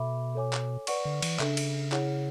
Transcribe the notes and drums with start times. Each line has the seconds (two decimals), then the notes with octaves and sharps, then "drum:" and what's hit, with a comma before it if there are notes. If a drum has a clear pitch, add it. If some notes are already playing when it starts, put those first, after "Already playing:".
Already playing: B2 A4 E5 B5 D6
0.35 A4 C#5 G#5 D6
0.53 drum: clap
0.87 B4 D5 F#5 C#6, drum: cymbal
1.05 D3
1.22 E3, drum: cymbal
1.39 C#3 D4 A4 E5, drum: clap
1.57 drum: cymbal
1.92 E4 G#4 C#5 F#5, drum: clap